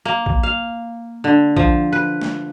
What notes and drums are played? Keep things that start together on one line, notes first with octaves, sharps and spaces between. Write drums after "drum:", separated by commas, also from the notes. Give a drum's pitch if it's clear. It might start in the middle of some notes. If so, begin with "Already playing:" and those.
A#3
drum: kick
F5
D3
F3, drum: kick
B4
drum: snare A3